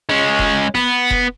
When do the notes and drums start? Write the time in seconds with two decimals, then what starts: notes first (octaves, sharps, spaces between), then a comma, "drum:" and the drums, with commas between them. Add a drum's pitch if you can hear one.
0.09 G#3 C#4
0.39 drum: kick F1
0.75 B3, drum: snare
1.10 drum: kick F1